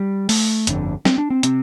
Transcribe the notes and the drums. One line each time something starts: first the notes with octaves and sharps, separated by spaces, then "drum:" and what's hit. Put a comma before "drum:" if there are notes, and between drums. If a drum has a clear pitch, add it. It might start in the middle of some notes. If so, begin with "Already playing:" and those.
Already playing: G3
A3, drum: open hi-hat
G1 F2 D3, drum: hi-hat
C4, drum: snare
D4
C4
C3 C4, drum: hi-hat